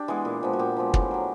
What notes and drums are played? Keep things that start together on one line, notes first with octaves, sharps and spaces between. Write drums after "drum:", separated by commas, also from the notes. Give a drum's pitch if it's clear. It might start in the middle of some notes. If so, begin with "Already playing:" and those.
Already playing: D4 G4
E3 G#3 B3
A#2
F3 G#3 B3
F#4
A#2 G4
F3 G#3 B3
A2, drum: kick
F#3 B3